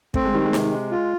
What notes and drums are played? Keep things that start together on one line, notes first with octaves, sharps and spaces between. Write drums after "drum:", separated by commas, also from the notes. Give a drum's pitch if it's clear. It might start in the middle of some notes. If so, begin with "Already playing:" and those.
A3 C4, drum: kick
G#3
D#3 G3
G#3
C3, drum: snare
G#3
F4